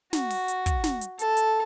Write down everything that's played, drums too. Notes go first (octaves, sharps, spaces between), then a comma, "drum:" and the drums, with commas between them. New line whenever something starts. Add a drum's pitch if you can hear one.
F#4, drum: snare
drum: open hi-hat
drum: hi-hat
drum: kick, hi-hat
drum: snare
drum: hi-hat
A4, drum: hi-hat
drum: hi-hat